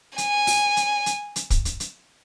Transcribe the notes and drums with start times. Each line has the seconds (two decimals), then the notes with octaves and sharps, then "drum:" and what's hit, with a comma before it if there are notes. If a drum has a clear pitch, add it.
0.18 G#5, drum: hi-hat
0.47 drum: open hi-hat
0.77 drum: hi-hat
1.06 drum: hi-hat
1.36 drum: hi-hat
1.50 drum: kick, hi-hat
1.65 drum: hi-hat
1.80 drum: hi-hat